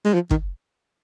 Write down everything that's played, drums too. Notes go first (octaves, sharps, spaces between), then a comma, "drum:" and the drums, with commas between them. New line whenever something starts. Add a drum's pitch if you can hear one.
G#3
F3
D#3, drum: kick